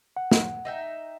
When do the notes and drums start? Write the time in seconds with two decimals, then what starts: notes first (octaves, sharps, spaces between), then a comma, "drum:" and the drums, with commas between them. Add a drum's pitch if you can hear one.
0.17 F#5
0.32 drum: snare
0.65 D#4 E5 G5